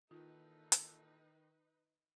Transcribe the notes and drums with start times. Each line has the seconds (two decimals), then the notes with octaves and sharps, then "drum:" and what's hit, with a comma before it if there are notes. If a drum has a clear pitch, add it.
0.11 A#2 D#3 E3 D#4 F4 A4 B4
0.72 drum: hi-hat